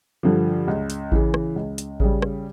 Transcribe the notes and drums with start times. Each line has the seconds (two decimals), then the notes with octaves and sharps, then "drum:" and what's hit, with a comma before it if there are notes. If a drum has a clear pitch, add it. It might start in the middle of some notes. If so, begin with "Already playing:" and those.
0.23 G2 D3 F3
0.68 C#2
0.90 drum: hi-hat
1.12 C#3 E3, drum: kick A1
1.34 drum: rim click
1.56 C#2
1.78 drum: hi-hat
2.00 C#3 G3, drum: kick A1
2.22 drum: rim click